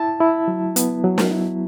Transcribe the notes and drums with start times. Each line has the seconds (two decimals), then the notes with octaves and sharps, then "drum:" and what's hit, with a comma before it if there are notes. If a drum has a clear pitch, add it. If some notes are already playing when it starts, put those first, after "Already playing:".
Already playing: E4 A5
0.20 E4
0.48 F#3
0.76 B3, drum: hi-hat
1.04 F#3
1.18 drum: snare
1.31 E4